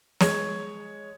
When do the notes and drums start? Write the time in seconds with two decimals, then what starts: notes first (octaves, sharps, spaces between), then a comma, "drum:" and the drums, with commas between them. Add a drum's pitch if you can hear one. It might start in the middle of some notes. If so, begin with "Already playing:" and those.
0.21 G#3 C#5, drum: snare